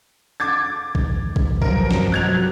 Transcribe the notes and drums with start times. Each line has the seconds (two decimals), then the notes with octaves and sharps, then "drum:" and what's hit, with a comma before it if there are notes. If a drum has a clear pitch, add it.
0.40 D6 G#6 A6
0.95 drum: kick
1.36 drum: kick
1.62 G2 F3 F#3 A#4, drum: kick
1.91 drum: snare
2.12 C3 F#3 F#6 G#6 F7